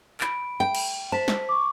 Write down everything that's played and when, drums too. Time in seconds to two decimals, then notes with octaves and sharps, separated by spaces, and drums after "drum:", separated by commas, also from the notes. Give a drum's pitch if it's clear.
0.20 B5 D7, drum: clap
0.60 G5
0.75 drum: cymbal
1.12 C5 A5 B6
1.28 drum: snare
1.49 C#6 D6